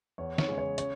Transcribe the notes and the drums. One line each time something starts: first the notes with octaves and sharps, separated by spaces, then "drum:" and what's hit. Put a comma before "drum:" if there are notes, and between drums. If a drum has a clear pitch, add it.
E2 C#5
C#5, drum: snare
C#3 G#3
C#5
C#3 C#5, drum: hi-hat